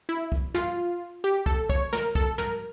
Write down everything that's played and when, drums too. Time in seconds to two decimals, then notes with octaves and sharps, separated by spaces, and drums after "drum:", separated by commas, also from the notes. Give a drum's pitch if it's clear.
0.09 E4
0.32 drum: kick
0.55 F4, drum: tom
1.24 G4
1.46 A4, drum: kick
1.69 C#5, drum: kick
1.93 A#4, drum: snare
2.15 A4, drum: kick
2.38 A#4, drum: tom